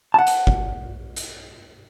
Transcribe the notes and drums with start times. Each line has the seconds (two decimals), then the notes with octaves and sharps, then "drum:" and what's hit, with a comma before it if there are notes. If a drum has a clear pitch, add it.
0.14 F#5 A5
0.27 drum: hi-hat
0.47 drum: kick G1
1.16 drum: hi-hat